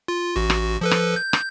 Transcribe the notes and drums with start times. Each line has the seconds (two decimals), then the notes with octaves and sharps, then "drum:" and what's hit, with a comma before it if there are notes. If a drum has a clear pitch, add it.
0.08 F4
0.36 A1 F#4
0.50 drum: rim click
0.81 F3 A4 B4
0.91 drum: rim click
1.16 G6
1.33 drum: rim click